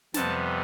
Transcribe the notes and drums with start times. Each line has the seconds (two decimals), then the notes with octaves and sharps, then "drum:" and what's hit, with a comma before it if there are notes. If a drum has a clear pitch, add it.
0.14 F2 C3 G3 B3 A5, drum: snare